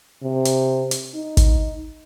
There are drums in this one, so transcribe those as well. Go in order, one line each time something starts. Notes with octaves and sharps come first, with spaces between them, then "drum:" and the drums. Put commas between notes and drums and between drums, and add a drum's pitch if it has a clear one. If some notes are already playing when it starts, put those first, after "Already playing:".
C3
drum: hi-hat
drum: hi-hat
D#4
drum: kick, hi-hat